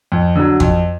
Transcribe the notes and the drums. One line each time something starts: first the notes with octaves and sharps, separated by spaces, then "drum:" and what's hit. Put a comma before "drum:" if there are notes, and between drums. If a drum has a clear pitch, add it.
F2
D3 F#3
F2, drum: kick G#1